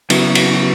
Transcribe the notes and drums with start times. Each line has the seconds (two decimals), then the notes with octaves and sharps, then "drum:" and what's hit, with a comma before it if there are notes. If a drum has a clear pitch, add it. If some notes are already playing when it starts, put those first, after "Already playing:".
0.10 C#3 F#3 B3 E4, drum: cymbal
0.35 drum: cymbal